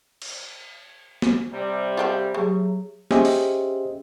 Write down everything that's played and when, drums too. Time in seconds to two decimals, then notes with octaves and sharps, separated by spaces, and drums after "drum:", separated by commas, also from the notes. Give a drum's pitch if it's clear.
0.22 drum: cymbal
1.22 drum: snare
1.53 C3 G3
1.97 F4 G4 A4
2.34 F#3 A3 G4 G#4
3.11 C#4 G4 G#4 C5 D#5 E5, drum: snare
3.25 drum: open hi-hat